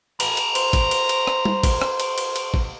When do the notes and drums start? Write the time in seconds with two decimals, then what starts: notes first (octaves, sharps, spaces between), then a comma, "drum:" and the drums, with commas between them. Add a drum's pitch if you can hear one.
0.20 A#5 B5, drum: cymbal
0.37 drum: cymbal
0.55 C5, drum: cymbal
0.73 drum: kick, cymbal
0.91 drum: cymbal
1.09 drum: cymbal
1.27 drum: rim click
1.45 drum: tom
1.63 drum: kick, cymbal
1.82 drum: rim click
2.00 drum: cymbal
2.18 drum: cymbal
2.36 drum: cymbal
2.54 drum: kick